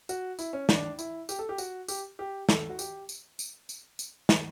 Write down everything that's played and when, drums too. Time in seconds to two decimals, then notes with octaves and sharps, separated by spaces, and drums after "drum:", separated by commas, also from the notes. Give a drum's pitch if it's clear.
0.09 F#4, drum: tambourine
0.39 E4, drum: tambourine
0.53 C#4
0.69 D4, drum: snare
0.99 E4, drum: tambourine
1.29 G4, drum: tambourine
1.39 A4
1.49 G4
1.58 F#4, drum: tambourine
1.88 G4, drum: tambourine
2.19 G4
2.49 A4, drum: snare
2.69 F#4
2.79 G4, drum: tambourine
3.09 drum: tambourine
3.39 drum: tambourine
3.69 drum: tambourine
3.99 drum: tambourine
4.29 drum: snare